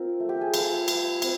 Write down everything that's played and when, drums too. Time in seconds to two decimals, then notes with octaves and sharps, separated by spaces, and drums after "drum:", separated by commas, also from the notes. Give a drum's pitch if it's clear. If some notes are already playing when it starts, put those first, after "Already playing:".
Already playing: C4 F4 A#4
0.20 A3
0.29 G4
0.41 G#4
0.54 F4 G4 A4, drum: cymbal
0.88 G3, drum: cymbal
1.22 C4, drum: cymbal